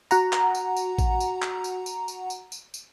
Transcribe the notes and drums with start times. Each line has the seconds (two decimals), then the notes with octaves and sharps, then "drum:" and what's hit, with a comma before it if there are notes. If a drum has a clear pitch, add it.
0.11 F#4 F#5 A#5, drum: tambourine
0.33 drum: clap
0.55 drum: tambourine
0.77 drum: tambourine
0.98 drum: kick A1, tambourine
1.20 drum: tambourine
1.42 drum: clap
1.64 drum: tambourine
1.86 drum: tambourine
2.08 drum: tambourine
2.30 drum: tambourine
2.52 drum: tambourine
2.74 drum: tambourine